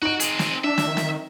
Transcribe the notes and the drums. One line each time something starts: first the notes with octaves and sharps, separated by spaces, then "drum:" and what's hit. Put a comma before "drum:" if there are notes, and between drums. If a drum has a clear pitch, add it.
D#4 F#4 D7
C4 G#4, drum: hi-hat
drum: snare
D4 E5
drum: snare
D#3
drum: snare